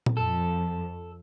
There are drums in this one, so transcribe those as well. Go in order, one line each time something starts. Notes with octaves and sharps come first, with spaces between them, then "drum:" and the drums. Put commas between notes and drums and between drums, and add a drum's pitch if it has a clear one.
drum: tom A#2
F2 A4